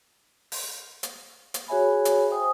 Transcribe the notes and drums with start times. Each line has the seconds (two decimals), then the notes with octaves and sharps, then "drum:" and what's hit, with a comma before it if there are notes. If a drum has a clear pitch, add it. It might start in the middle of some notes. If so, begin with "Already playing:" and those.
0.52 drum: open hi-hat
1.03 drum: hi-hat
1.54 drum: hi-hat
1.68 F#4 G#4 C#5 E5 G#5 B5
2.05 drum: hi-hat
2.31 C5 G5 G#5 D#6